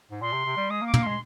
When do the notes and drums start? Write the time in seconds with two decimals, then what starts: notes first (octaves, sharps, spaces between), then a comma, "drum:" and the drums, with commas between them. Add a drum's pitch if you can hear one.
0.11 G#2
0.21 A#2 C6
0.33 C3
0.45 C3
0.57 G3
0.70 G#3 D#6
0.81 A#3
0.86 D6
0.94 A#3, drum: tom
1.02 G#3 C6